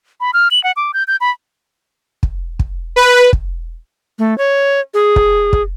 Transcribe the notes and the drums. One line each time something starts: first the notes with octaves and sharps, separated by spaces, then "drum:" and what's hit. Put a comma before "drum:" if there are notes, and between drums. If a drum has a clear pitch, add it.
B5
F6
F#7
F#5
D6
G6
G6
B5
drum: kick
drum: kick
B4
drum: kick
A3
C#5
G#4
drum: kick
drum: kick